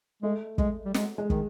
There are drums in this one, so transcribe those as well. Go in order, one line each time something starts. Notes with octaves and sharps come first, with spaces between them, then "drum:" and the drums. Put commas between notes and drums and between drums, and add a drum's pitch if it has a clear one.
G#3 A3
G#3, drum: kick
G3
G#3, drum: snare
G#3
D#3, drum: kick